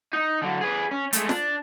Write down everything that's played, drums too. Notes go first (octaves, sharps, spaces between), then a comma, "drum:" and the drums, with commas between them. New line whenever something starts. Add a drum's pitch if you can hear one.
D#4
D3 F#3
G#4 B4
C#4
G#3 A3, drum: hi-hat
D4, drum: snare F4